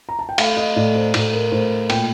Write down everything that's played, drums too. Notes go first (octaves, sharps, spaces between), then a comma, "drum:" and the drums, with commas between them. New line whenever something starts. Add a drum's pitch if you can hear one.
A#5
A5
G5
A3 F5, drum: cymbal
D#5
A2 D5
C5
A2 A4, drum: cymbal
A#4
A2 C5
A#2 G5, drum: cymbal